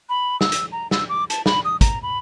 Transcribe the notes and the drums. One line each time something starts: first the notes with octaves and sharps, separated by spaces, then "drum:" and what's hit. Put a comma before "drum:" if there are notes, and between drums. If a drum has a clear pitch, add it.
B5
E6, drum: snare
drum: hi-hat
A#5
E6, drum: snare
D6
A5, drum: hi-hat
B5, drum: snare
D#6
A#5, drum: kick, hi-hat
B5